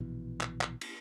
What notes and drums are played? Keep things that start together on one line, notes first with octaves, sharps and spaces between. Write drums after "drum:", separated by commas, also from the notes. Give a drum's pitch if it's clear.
A#1 B2 E3
drum: clap
drum: clap
drum: cymbal